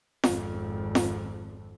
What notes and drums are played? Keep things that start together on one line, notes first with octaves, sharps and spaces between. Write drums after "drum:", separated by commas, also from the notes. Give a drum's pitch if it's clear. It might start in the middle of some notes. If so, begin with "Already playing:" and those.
G#1 F2, drum: snare F4
drum: snare F4